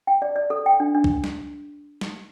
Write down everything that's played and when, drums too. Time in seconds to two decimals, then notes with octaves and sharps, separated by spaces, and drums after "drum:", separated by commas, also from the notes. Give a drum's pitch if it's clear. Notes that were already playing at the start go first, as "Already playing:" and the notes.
0.07 G5
0.22 D5
0.36 D5
0.50 A4
0.66 G5
0.80 D4
0.95 D4
1.04 drum: kick C2
1.24 drum: snare
2.01 drum: snare